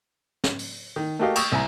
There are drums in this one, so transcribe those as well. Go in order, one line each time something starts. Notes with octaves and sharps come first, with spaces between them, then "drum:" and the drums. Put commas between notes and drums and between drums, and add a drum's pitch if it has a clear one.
drum: snare
drum: open hi-hat
D#3
A3 A#3 F#4 G4 D#5 F5
G5 C#6 D#6 E6, drum: cymbal
C2 G#5 A#5